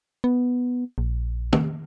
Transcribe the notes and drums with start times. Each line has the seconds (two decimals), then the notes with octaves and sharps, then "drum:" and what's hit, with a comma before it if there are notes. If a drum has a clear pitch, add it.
0.24 B3
0.98 A#1
1.53 drum: tom